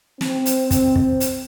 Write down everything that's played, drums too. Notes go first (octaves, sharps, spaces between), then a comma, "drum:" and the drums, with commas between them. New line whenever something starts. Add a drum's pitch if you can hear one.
C4, drum: snare
drum: hi-hat
drum: kick, hi-hat
drum: kick
drum: hi-hat